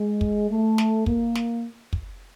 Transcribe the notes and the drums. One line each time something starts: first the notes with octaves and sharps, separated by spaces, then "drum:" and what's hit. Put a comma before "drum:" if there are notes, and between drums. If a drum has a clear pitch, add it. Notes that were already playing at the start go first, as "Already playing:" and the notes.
Already playing: G#3
drum: kick
A3
drum: snare
A#3, drum: kick
drum: snare
drum: kick